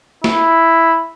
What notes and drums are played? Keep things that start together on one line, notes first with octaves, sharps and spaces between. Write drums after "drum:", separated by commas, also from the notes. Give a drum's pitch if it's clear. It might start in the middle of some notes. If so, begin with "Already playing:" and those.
E4, drum: snare